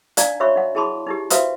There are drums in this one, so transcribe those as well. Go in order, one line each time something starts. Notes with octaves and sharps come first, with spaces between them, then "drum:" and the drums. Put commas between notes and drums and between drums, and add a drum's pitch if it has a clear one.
D4 D#4 D5 F5 A#5, drum: hi-hat
F#4 C#5 E5 B5 C#6
D#4 F#5
E4 G#4 A5 B5 C6 D6
D#4 E4 G4
F4 F#4 B4 C5 E5 F5, drum: hi-hat